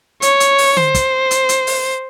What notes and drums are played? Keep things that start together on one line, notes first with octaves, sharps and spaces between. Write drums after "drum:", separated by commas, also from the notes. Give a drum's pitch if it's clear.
C#5, drum: hi-hat
drum: hi-hat
drum: open hi-hat
C5, drum: tom D3
drum: kick, hi-hat
drum: hi-hat
drum: hi-hat
drum: open hi-hat